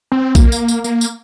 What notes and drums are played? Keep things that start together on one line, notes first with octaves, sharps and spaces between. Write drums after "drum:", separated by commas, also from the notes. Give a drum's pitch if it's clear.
C4
A#3, drum: kick A#1, tambourine
drum: tambourine
drum: tambourine
A#3, drum: tambourine
drum: tambourine